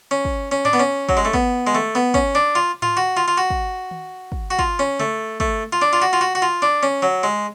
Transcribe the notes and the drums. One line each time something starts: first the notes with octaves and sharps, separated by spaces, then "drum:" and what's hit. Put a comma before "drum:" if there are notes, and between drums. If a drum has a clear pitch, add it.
C#4
drum: kick
C#4
D4, drum: tom G#2
B3
C#4
F#3, drum: kick
G#3
A3
B3, drum: kick
G#3
A3, drum: tom D#3
B3
C#4, drum: kick
D4
F4
F4, drum: tom G#2
F#4
F4
F4
F#4
drum: kick
drum: tom D#3
drum: kick
F#4
F4, drum: kick
C#4
A3, drum: tom C#3
A3, drum: kick
F4
D4
F4
F#4
F4
F#4
F#4
F4
D4
C#4
F#3
G#3